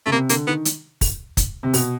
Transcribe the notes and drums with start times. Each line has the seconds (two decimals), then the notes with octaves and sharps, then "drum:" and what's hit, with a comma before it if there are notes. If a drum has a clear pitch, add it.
0.06 C#3 A3
0.11 C3 A#3
0.29 D3 A#3, drum: hi-hat
0.47 D#3 B3
0.65 drum: hi-hat
1.01 drum: kick, open hi-hat
1.37 drum: kick, hi-hat
1.63 C3
1.74 B2, drum: open hi-hat